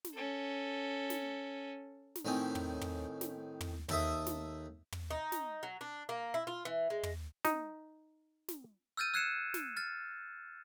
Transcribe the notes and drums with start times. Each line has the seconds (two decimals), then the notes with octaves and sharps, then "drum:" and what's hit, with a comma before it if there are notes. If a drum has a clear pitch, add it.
0.05 drum: snare
0.14 C#4 A4
1.10 drum: snare
2.15 drum: snare
2.25 A2 D#3 C4 C#4
2.55 drum: tom
2.81 drum: tom
3.21 drum: snare
3.61 drum: tom
3.89 D#2 A4 E5 D#6, drum: tom
4.26 drum: snare
4.92 drum: tom
5.10 D#4
5.32 drum: snare
5.63 F#3
5.81 D4
6.09 A#3
6.34 E4
6.47 F4
6.65 E3
6.90 G#3
7.03 drum: tom
7.45 D#4, drum: snare
8.48 drum: snare
8.97 E6 F6 G6 A6 D#7
9.14 E6 F#6 G#6 C7 C#7 E7
9.54 drum: snare
9.76 F6 A6